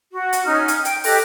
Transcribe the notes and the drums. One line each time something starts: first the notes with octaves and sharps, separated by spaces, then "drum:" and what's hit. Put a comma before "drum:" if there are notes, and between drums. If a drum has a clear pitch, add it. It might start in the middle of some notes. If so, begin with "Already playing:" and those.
F#4
drum: hi-hat
C#4 D#4 F6
drum: hi-hat
G5, drum: hi-hat
G4 A4 D#5 F#6, drum: open hi-hat